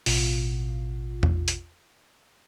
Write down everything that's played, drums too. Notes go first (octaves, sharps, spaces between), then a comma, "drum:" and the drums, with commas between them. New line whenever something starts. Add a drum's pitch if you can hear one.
A1 B2 F4, drum: open hi-hat
drum: tom E2
drum: hi-hat